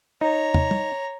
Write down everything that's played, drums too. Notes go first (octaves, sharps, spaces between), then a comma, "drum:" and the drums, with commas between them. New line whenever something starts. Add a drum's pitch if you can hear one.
D#4 C#5 A#5
drum: tom
drum: tom